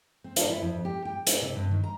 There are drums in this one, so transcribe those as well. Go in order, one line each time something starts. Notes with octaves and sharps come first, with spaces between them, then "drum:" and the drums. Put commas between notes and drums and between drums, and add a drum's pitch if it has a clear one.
C4
D4, drum: hi-hat
E4
F2
G4
G5
D4, drum: hi-hat
C3
G2
D#3
A#5